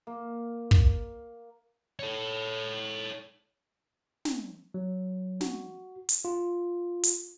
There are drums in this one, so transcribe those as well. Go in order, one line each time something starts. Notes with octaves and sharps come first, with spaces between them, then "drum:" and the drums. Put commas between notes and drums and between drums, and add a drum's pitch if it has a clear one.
A#3
drum: kick
A4 C#5
drum: snare
F#3
F#4, drum: snare
drum: hi-hat
F4
drum: hi-hat